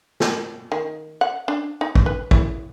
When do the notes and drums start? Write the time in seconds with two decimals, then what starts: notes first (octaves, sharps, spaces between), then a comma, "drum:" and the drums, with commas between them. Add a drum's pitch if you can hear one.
0.20 drum: snare
0.72 D#3
1.21 F#5
1.48 D4
1.81 D#4
1.95 drum: kick
2.06 B4
2.31 E4, drum: kick